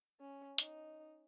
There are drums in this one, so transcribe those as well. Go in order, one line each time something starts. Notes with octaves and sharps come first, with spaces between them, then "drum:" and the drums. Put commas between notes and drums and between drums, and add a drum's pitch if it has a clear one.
C#4
D#4, drum: hi-hat